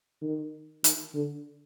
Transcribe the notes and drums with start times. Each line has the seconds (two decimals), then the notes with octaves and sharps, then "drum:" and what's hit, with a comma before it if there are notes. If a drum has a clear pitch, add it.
0.22 D#3
0.84 D#3, drum: hi-hat
1.14 D3